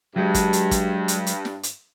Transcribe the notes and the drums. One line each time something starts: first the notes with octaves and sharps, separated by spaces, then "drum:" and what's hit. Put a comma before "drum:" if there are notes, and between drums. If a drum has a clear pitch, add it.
G2 F#3 G#3
drum: kick, hi-hat
drum: hi-hat
drum: kick, hi-hat
drum: hi-hat
drum: hi-hat
drum: snare
drum: hi-hat